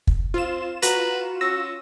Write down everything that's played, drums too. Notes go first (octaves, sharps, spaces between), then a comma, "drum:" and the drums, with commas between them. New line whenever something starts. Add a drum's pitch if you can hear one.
drum: kick
C4 F4 E7
F#4 B4 A#5, drum: hi-hat
C#4 E6 A#6